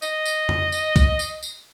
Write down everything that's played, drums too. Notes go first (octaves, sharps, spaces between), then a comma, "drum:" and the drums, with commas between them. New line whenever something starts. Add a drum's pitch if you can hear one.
D#5, drum: tambourine
drum: tambourine
drum: tom F2
drum: tambourine
drum: kick, tambourine
drum: tambourine
drum: tambourine